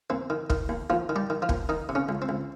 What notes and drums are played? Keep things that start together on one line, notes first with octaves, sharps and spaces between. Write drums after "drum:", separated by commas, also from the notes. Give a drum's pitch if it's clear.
D#2 C4
D#3
D#3, drum: kick
D#2
D#2 F3 F4
D#3
G3 G4
D#3
F3 F4
D#2, drum: kick
D#3 D#4
C3
C#3 C#4
C#2
C4
C#2